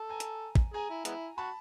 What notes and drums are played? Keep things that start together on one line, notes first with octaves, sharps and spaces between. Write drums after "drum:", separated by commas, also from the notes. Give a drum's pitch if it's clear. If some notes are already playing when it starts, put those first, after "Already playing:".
Already playing: A4
G#5 A#5
drum: hi-hat
drum: kick
G#4 G#5 A#5
E4
G#3 B3 E4, drum: hi-hat
F#4 A5 B5